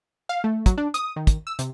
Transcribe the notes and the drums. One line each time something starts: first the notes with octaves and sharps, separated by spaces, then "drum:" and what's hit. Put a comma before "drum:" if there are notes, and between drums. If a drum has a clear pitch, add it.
F5
A3
F#3, drum: kick, hi-hat
D4
D#6, drum: hi-hat
D#3
drum: kick, hi-hat
E6
C3, drum: hi-hat